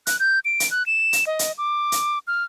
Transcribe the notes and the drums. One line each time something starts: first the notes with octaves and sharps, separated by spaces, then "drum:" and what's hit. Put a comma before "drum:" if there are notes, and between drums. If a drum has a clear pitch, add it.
F#6, drum: hi-hat
G6
D7
drum: hi-hat
F#6
E7
drum: hi-hat
D#5
drum: hi-hat
D6
drum: hi-hat
F6